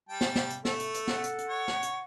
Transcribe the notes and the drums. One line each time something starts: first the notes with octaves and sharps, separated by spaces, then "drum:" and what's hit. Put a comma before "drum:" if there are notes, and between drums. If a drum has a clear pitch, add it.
G3 G5 A5
drum: snare
drum: snare
drum: hi-hat
A3 A4, drum: snare
drum: hi-hat
drum: hi-hat
F#5, drum: snare
drum: hi-hat
drum: hi-hat
C#5
drum: snare
drum: hi-hat